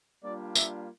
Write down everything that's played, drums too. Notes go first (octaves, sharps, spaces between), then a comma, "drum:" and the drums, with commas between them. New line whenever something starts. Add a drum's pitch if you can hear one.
G3 A#3 D4 F4 D5
E5, drum: tambourine